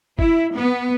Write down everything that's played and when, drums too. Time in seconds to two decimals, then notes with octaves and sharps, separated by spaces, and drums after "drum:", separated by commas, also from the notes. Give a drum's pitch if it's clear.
0.19 E4, drum: kick
0.55 B3